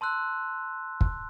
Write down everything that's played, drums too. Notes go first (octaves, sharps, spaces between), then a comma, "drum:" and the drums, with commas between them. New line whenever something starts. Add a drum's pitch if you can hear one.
A5 C6 E6 F#6
drum: kick